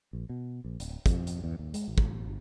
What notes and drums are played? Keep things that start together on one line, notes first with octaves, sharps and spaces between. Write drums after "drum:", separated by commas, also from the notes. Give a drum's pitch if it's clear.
A#1
B2
A#1
D1, drum: hi-hat
F2, drum: kick, hi-hat
drum: hi-hat
E2
D#2
G#3, drum: hi-hat
A1
drum: kick
G1